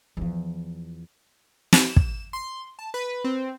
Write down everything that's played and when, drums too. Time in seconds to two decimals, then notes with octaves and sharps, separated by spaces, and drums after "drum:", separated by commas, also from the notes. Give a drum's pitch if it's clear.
0.17 E2 F3
1.73 drum: snare
1.87 E7
1.96 drum: kick
2.33 C6
2.79 A5
2.94 B4
3.24 C4